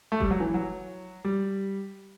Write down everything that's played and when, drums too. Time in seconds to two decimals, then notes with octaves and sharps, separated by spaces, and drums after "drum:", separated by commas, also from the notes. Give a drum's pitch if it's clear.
0.12 A3
0.20 G3, drum: kick F1
0.31 F#3
0.40 E3
0.54 F#3
1.25 G3